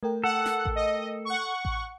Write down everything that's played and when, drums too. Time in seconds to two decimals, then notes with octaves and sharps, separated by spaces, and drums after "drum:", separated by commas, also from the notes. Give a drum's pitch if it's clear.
0.03 A3 A#4 G5
0.24 A4 F#5
0.46 drum: snare
0.65 drum: kick A1
0.76 D#5
1.25 F#5 C#6
1.65 drum: kick A1